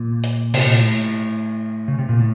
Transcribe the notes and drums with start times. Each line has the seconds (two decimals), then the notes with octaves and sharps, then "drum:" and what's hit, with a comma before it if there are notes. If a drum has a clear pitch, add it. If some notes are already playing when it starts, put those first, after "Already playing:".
Already playing: A#2
0.23 drum: hi-hat
0.54 C3, drum: cymbal
0.67 A#2
0.79 A2
1.88 C#3
1.99 C3
2.09 A#2
2.19 A2